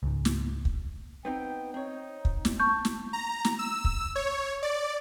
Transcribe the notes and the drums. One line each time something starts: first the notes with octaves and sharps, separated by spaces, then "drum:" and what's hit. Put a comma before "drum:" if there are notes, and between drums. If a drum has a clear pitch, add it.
C#2 G#2
drum: snare
drum: kick
B3 C4 D#4 G5
C4 D#4 C#5
drum: kick
drum: snare
A5 C#6 G6
drum: snare
A#5
drum: snare
E6
drum: kick
C#5
D5